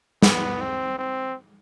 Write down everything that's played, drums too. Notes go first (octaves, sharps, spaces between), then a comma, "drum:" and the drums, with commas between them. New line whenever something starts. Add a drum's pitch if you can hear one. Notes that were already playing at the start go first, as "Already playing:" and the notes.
B3, drum: snare
C4
C4